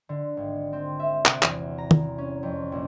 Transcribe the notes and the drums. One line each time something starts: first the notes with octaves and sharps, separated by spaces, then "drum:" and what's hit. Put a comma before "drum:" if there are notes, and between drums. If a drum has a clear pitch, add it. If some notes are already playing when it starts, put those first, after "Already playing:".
D3
G#1
C4
E5
C3, drum: clap
E2, drum: clap
A#5
drum: tom
C#4
F2
A#1